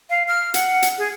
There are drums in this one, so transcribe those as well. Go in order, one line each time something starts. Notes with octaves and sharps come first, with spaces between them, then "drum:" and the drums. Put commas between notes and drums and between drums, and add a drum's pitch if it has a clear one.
F5
F6
F#5, drum: hi-hat
drum: hi-hat
G#4